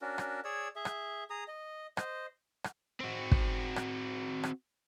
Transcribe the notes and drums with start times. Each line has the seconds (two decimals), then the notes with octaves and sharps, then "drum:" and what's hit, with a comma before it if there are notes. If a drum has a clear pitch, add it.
0.02 C#4 D4 F#4 A#4
0.18 drum: rim click
0.44 G#4 C#5 D5 E6
0.76 G#4 E5
0.85 drum: rim click
1.30 G#4 A#5 D#6
1.48 D#5
1.97 C5 D#5, drum: rim click
2.64 drum: rim click
3.01 C4 F#4
3.31 drum: kick
3.76 drum: rim click
4.43 drum: rim click